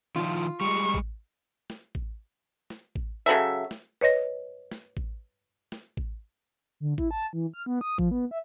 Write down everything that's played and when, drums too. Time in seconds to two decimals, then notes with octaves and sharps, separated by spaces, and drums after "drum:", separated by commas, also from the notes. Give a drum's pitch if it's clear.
0.16 D#3 F3 F4
0.61 G3 G#3 C#6
0.94 drum: kick A1
1.70 drum: snare
1.95 drum: kick A1
2.70 drum: snare
2.95 drum: kick A1
3.26 C#3 F#3 A4 E5
3.71 drum: snare
4.01 B4 C#5 D#5 A#6
4.71 drum: snare
4.97 drum: kick A1
5.72 drum: snare
5.97 drum: kick A1
6.80 D3
6.98 E4, drum: kick A1
7.11 A5
7.33 E3
7.54 F6
7.66 B3
7.81 D#6
7.98 F3, drum: kick A1
8.11 B3
8.31 E5